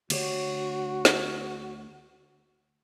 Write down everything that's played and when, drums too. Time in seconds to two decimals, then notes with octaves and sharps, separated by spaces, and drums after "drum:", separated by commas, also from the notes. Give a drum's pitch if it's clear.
0.10 D2 F#4 G4 C#5, drum: cymbal
1.05 drum: snare